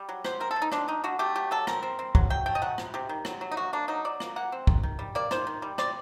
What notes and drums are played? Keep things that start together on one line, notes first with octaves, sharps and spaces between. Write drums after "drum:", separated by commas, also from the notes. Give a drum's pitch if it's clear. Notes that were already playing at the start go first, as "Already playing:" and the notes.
Already playing: G3
F#3
F#3 C5, drum: rim click
C4 A#4
A4
C4
D#4
C4 D4, drum: rim click
D3 D#4
D3 F#4
A3 G4
F#3 G4
F#3 A4
C4 A#4, drum: rim click
C4
C4
F#3, drum: kick
F#3 G5
A3 G5
D#5
F#3 F#5
C3, drum: rim click
C3 G4
D#3
F#3, drum: rim click
F#3
D#4
A#3 F#4
A#3 D4
F#3 D#4
F#3 D5
A#3, drum: rim click
A#3 F#5
C4
D#3, drum: kick
D#3
G3
A#3 D5
D#3 C5, drum: rim click
D#3
G3
C4 D5, drum: rim click